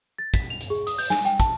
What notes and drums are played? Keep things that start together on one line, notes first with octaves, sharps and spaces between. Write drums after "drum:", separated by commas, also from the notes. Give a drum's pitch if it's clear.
A6
B6, drum: kick, hi-hat
F7
drum: hi-hat
G#4
D#6, drum: hi-hat
G6, drum: open hi-hat
G#5, drum: snare
G5, drum: hi-hat
A5, drum: kick, hi-hat